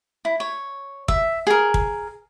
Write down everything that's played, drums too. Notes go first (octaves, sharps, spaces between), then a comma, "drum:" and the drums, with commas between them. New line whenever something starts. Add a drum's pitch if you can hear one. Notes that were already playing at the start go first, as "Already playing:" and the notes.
E4
C#5
E5, drum: kick
G#4 A#4
drum: kick